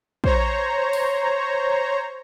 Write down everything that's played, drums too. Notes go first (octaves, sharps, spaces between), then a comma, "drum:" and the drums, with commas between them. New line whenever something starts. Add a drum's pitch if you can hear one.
C5 C#5 A#5, drum: kick
drum: open hi-hat